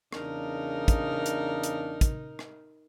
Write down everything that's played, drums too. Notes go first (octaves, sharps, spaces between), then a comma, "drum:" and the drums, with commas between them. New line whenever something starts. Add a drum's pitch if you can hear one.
E2 C#3 D4 D#4 A#4, drum: rim click
drum: kick, hi-hat
drum: hi-hat
drum: hi-hat
drum: kick, hi-hat
drum: rim click